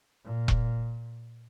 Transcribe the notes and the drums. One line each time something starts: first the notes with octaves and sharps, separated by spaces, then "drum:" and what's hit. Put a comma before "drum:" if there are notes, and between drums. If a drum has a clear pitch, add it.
A#2
drum: kick E1